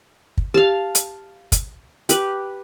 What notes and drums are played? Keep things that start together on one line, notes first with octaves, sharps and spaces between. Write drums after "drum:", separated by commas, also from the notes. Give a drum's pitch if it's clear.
drum: kick
G4 F5 A5
drum: hi-hat
drum: kick, hi-hat
G4 B4, drum: hi-hat